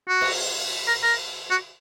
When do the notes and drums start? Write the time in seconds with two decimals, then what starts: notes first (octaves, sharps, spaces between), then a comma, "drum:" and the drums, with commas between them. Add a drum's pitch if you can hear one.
0.09 F#4
0.21 drum: cymbal
0.88 A#4
1.03 A#4
1.51 F#4